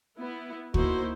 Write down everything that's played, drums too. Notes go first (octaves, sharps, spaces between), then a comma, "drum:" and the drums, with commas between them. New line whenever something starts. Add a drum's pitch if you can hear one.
B3 E4
A#3 D#4 E4 F#4 C5, drum: kick